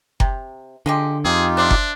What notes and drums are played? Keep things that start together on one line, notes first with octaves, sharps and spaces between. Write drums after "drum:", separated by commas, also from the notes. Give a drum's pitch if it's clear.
C3, drum: kick F#1
D3 F3 G#3 G4
F2 C4 D#4 F4 G4 G#4
D4 C5 D5 E5
drum: kick F#1